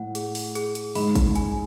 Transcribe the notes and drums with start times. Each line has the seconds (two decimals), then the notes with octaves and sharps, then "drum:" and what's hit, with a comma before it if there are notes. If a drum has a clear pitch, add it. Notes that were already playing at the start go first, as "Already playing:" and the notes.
Already playing: A2 F#5
0.15 G#4, drum: hi-hat
0.35 drum: open hi-hat
0.55 G#4, drum: hi-hat
0.75 drum: hi-hat
0.95 G#2 B5, drum: open hi-hat
1.15 drum: kick, hi-hat
1.35 G#5, drum: hi-hat